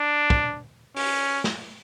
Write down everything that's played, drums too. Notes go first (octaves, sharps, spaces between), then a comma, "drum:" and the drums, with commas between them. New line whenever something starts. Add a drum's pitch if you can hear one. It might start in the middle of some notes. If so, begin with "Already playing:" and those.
Already playing: D4
drum: kick
C#4, drum: open hi-hat
drum: snare